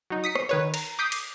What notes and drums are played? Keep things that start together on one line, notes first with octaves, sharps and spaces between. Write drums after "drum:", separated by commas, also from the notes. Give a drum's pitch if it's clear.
F#3 D#4
D#6 B6 C#7
drum: rim click
D#3 B4 C#5
A#5, drum: cymbal
D6 D#6 G6 B6 C7
drum: cymbal